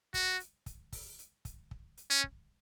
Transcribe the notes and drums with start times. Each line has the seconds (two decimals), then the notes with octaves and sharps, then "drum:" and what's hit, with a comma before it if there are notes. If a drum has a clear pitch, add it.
0.14 F#4, drum: kick, open hi-hat
0.40 drum: hi-hat
0.66 drum: kick, hi-hat
0.92 drum: kick, open hi-hat
1.19 drum: hi-hat
1.45 drum: kick, hi-hat
1.71 drum: kick
1.97 drum: hi-hat
2.10 C#4
2.24 drum: kick